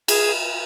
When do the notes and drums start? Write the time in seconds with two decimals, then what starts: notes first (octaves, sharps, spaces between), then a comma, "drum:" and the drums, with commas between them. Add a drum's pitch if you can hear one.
0.08 G#4, drum: cymbal